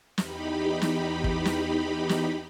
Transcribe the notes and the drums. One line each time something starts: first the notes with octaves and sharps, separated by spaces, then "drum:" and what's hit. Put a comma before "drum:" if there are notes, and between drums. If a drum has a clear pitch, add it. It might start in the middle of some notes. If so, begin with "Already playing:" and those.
E2 D#4 G4 B5, drum: snare
drum: snare
drum: kick
drum: snare
drum: snare